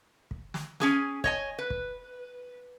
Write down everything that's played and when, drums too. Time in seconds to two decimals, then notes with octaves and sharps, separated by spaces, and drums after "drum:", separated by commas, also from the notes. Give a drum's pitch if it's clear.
0.31 drum: kick
0.54 drum: snare
0.80 C#4 G#4 G#5, drum: snare
1.24 C#5 D#5 G#5, drum: kick
1.58 B4
1.70 drum: kick